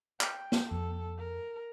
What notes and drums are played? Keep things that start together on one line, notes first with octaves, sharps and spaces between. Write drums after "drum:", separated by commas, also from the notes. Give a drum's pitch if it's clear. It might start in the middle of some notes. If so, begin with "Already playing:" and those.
G5, drum: clap
drum: snare
F2 A4
A#4